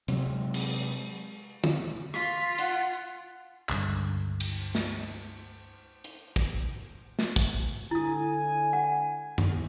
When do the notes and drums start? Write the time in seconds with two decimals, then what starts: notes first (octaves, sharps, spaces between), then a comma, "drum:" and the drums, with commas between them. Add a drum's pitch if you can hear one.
0.08 C3 F#3 G#3 C4, drum: hi-hat
0.54 drum: cymbal
1.64 drum: tom
2.14 F4 B6, drum: rim click
2.59 F#5, drum: hi-hat
3.69 C#2 G2 D3, drum: clap
4.40 drum: cymbal
4.75 drum: snare
6.04 drum: hi-hat
6.36 drum: kick
7.19 drum: snare
7.36 drum: kick
7.91 D3 E4 G#5 D#6
8.73 F#5
9.38 drum: tom F#2